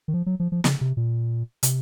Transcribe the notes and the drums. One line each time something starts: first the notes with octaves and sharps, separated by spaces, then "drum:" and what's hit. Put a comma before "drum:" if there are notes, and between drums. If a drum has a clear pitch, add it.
D#3
F3
F#3
F3
F3
C#3, drum: snare
C3
A#2
C3, drum: hi-hat